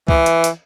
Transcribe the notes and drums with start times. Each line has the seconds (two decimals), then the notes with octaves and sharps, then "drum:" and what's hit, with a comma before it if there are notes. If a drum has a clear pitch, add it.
0.08 E3, drum: kick C2
0.26 drum: hi-hat
0.44 drum: hi-hat